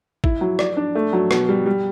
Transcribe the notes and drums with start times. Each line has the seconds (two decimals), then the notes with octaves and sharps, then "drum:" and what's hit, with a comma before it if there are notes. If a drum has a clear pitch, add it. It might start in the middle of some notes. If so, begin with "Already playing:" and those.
0.24 E4, drum: kick A1
0.41 F#3
0.59 D5, drum: rim click
0.77 D4
0.95 A3
1.13 F#3
1.31 B2, drum: rim click
1.49 G3
1.66 G3